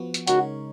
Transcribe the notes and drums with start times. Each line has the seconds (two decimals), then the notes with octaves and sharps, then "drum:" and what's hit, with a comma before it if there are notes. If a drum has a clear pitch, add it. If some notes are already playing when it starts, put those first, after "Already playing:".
Already playing: F3 B3 F#4
0.14 drum: hi-hat
0.27 C#3 G#3 D#4 F#4 A#4 C#5, drum: hi-hat